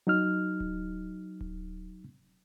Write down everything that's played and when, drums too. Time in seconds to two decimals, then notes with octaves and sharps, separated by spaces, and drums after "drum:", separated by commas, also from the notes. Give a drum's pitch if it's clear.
0.07 F#3 D#4 F6
0.60 drum: kick D1
1.41 drum: kick D1